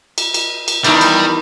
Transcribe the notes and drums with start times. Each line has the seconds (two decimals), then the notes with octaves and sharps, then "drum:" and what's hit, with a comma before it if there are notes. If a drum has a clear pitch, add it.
0.18 drum: cymbal
0.34 drum: cymbal
0.68 drum: cymbal
0.84 E2 D#3 E3 G3, drum: cymbal
1.01 drum: cymbal